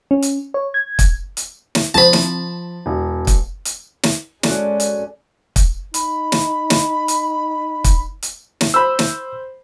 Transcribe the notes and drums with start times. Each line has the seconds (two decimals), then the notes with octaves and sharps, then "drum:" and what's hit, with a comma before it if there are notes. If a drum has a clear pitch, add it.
0.11 C#4
0.22 drum: hi-hat
0.54 C#5
0.74 G#6
0.99 drum: kick, hi-hat
1.37 drum: hi-hat
1.75 drum: snare
1.94 C#2 F3 C4 A5 B5
2.13 drum: snare
2.86 E1
3.27 drum: kick, hi-hat
3.65 drum: hi-hat
4.03 drum: snare
4.43 G#3 C#4 F#4 A4 D5, drum: snare
4.80 drum: hi-hat
5.56 drum: kick, hi-hat
5.94 D#4 B5, drum: hi-hat
6.32 drum: snare
6.70 drum: snare
7.08 drum: hi-hat
7.84 drum: kick, hi-hat
8.23 drum: hi-hat
8.61 drum: snare
8.74 C5 B5 E6
8.99 drum: snare